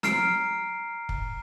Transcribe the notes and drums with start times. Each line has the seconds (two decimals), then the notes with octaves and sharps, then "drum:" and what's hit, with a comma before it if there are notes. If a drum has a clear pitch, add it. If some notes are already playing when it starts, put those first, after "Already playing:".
0.03 A#5 F6 C7 D7, drum: snare
1.09 drum: kick